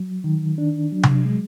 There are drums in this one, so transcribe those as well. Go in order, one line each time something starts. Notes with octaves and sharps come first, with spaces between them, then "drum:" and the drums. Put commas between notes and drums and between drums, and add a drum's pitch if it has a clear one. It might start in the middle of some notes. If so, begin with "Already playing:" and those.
Already playing: F#3
D#3
D4
F#3
drum: tom C3
G#3